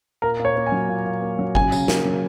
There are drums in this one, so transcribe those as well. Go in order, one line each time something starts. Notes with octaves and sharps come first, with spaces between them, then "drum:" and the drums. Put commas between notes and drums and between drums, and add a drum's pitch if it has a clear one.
A#2 A#4
A#2
C#5
A#3
G#5
F#3
A#2
A#2
A#3
F#3
C#3 G#5, drum: kick G1
C#3, drum: tambourine
A#3, drum: snare
F#3